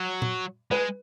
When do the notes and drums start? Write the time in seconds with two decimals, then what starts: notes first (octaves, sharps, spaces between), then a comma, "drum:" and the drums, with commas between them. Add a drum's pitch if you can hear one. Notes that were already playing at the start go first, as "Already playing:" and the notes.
Already playing: F#3
0.22 drum: tom A#2
0.71 G#3 B4